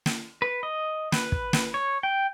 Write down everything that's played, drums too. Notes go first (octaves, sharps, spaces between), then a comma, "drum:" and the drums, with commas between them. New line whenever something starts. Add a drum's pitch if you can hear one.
drum: snare
B4
D#5
B4, drum: snare
drum: kick
drum: snare
C#5
G5